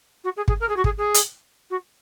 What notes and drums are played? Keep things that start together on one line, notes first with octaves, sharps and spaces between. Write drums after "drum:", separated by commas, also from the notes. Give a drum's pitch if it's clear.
F#4
G#4
G#4, drum: kick
A#4
G#4
F#4
G#4, drum: kick
G#4
drum: hi-hat
F#4